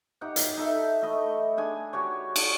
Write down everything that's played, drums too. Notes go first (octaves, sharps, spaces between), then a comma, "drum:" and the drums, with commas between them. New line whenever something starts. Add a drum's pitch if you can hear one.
D#4 G4 F#5
drum: hi-hat
D#4 A4 E5
A3 E4 D#5
D4 G#4 G#5
F#4 G4 C#5
drum: cymbal